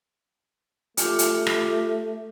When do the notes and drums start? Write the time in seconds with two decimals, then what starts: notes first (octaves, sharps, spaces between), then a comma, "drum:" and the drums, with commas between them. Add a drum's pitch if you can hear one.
0.97 A3 F4 G4 D6, drum: hi-hat
1.19 drum: hi-hat
1.47 drum: rim click